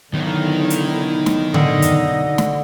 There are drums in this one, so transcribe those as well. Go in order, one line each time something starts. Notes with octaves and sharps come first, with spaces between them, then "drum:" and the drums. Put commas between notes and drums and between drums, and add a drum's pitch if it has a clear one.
B1 D3 D#3 E4
drum: hi-hat
drum: snare
D3 D#4 D#5, drum: tom C#3
drum: hi-hat
drum: snare